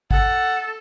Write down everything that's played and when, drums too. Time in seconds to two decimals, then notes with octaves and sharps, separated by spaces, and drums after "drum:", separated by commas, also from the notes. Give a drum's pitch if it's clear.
0.11 A4 F#5, drum: kick G#1